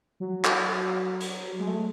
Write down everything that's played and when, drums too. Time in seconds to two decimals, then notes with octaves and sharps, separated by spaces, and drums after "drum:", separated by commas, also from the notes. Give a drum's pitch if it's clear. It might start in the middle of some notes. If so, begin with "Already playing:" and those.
0.20 F#3
0.45 drum: clap
1.21 drum: hi-hat
1.59 G#3
1.67 A3